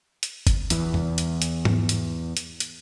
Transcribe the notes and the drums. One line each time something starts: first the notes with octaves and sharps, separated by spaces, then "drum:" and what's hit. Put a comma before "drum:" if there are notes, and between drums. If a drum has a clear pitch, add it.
drum: hi-hat
drum: kick, hi-hat
E2 E3, drum: hi-hat
drum: tom E2
drum: hi-hat
drum: hi-hat
drum: tom G#2
drum: hi-hat
drum: hi-hat
drum: hi-hat